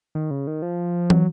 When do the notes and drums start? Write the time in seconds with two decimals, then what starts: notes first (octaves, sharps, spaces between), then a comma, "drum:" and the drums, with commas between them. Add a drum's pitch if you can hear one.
0.15 D#3
0.31 C#3
0.47 D#3
0.62 F3
1.10 F#3, drum: tom